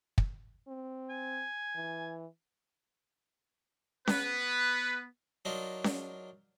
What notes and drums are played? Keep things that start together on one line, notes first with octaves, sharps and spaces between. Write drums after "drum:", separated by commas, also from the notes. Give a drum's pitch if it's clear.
drum: kick
C4
G#5
E3
B3 B4, drum: snare C#4
F#3 D4 D#4 F4 A#4
drum: snare C#4